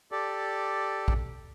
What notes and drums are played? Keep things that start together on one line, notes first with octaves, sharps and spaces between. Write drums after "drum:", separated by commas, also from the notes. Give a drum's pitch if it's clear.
G4 A4 D5
drum: kick A#1